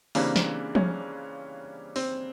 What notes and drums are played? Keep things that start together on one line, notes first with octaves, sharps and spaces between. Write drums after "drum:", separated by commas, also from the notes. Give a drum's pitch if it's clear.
C#3 E3 G3 A#3 C4 D4, drum: open hi-hat
drum: snare
C#4, drum: tom F3
C4, drum: open hi-hat